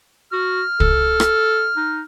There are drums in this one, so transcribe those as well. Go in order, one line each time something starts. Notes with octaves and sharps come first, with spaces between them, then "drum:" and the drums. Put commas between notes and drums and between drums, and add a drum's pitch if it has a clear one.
F#4 F6
A4, drum: kick
drum: rim click
D#4